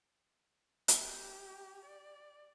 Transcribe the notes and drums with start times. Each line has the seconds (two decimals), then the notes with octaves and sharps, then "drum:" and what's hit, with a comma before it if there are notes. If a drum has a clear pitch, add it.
0.88 drum: hi-hat
0.98 G4
1.85 D5